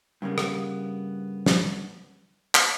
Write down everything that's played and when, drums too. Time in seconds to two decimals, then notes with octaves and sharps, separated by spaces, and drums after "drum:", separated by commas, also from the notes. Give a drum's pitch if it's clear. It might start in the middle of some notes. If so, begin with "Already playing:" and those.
0.22 G2 C#3 G3 A#3 B3
0.38 drum: rim click
1.46 drum: snare
2.55 drum: clap